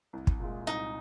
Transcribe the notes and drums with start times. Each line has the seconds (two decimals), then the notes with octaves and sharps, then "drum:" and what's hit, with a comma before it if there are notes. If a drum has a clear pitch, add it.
0.13 C2
0.27 drum: kick
0.40 A#2 G#3
0.67 C2 D#4